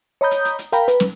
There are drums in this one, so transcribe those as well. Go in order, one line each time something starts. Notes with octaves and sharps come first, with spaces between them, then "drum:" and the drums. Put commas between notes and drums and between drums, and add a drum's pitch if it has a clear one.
C#5 D#5 A#5 B5 D#6 G6
drum: hi-hat
drum: hi-hat
drum: hi-hat
A#4 F5 G5 A#5 B5, drum: hi-hat
B4, drum: hi-hat
drum: snare